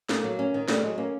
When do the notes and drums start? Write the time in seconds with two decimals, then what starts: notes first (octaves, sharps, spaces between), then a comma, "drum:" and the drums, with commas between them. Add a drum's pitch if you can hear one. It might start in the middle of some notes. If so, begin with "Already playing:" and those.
0.09 A3 A#3, drum: snare
0.24 F#3
0.39 C#4
0.54 D#3
0.68 G3 A3, drum: snare
0.83 F#3 G#3
0.98 A#3 C#4